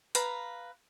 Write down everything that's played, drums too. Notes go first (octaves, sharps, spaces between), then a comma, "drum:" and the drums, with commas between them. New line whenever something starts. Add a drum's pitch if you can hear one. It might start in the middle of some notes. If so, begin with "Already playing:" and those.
B4 F5 A#5, drum: hi-hat